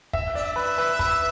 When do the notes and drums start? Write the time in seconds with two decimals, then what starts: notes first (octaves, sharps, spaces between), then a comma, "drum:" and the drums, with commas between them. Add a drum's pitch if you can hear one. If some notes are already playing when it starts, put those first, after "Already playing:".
0.13 E5, drum: kick
0.35 D5 E5
0.56 B4 E5
0.78 B4
0.99 B4, drum: kick